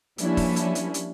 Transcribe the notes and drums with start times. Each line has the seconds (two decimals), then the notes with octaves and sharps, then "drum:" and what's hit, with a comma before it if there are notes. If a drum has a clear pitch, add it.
0.18 F3 G3 A#3 C#4 D4 E4, drum: hi-hat
0.37 drum: kick, open hi-hat
0.56 drum: hi-hat
0.75 drum: hi-hat
0.94 drum: hi-hat